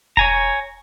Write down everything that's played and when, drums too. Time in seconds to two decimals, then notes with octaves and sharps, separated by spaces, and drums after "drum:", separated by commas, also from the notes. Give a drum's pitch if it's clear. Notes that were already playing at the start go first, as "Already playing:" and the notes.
0.17 C#5 G#5 A#5, drum: kick E1